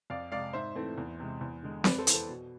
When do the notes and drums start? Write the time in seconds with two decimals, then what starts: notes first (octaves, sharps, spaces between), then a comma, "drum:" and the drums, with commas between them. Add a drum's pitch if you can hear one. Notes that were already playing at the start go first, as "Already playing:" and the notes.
0.10 F2 D5 F5
0.32 C3 G#3 D5 F5
0.53 G#2 C5 E5
0.75 E3 A3 C4
0.98 E2
1.20 C3 G#3
1.41 E2
1.63 D3 G#3
1.84 F2 B4 D5, drum: snare C4
1.99 A4 C5
2.07 E3 B3, drum: hi-hat
2.13 A4 C5
2.28 B2